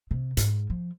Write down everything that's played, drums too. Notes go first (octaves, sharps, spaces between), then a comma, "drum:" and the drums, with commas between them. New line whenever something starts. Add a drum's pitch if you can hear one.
C3
G#2, drum: hi-hat
F3